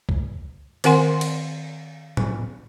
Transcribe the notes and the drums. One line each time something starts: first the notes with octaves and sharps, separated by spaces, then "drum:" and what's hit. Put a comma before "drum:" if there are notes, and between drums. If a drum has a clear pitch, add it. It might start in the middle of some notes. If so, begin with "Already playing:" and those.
drum: kick
D#3 C4 A#4 F#5 G#5 C6, drum: cymbal
drum: cymbal
drum: tom A2